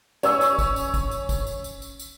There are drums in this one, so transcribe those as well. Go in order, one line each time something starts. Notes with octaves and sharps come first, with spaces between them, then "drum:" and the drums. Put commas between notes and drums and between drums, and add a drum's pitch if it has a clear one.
C#4 C#5 C#6 E6, drum: tambourine
drum: tambourine
drum: kick, tambourine
drum: tambourine
drum: kick, tambourine
drum: tambourine
drum: kick, tambourine
drum: tambourine
drum: tambourine
drum: tambourine
drum: tambourine